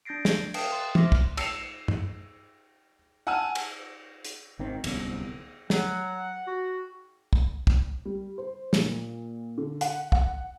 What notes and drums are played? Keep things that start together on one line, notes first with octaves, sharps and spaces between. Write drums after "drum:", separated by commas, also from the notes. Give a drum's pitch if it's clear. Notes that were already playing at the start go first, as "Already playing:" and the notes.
D4 G6 A6 A#6 C7 D7
G#6, drum: snare
B4 F5 G5 A5 D#6 C7, drum: cymbal
C6 A6
C5 E5 C6 D6 F6 A#6, drum: tom
drum: kick
E6 C7 C#7 E7 F7, drum: cymbal
drum: tom
F#5 G#5 A5 E6 F6 D#7
drum: cymbal
drum: hi-hat
G#1 D#3 C4
D1 C2 B3 C#4, drum: cymbal
F#3 F#5, drum: snare
F#4
drum: kick
drum: kick
G3
C5
A#2, drum: snare
D3
F#5, drum: hi-hat
F#5, drum: kick